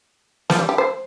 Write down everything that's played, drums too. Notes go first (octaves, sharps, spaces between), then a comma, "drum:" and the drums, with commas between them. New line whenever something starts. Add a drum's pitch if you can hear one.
F3, drum: snare
G3
G4
C5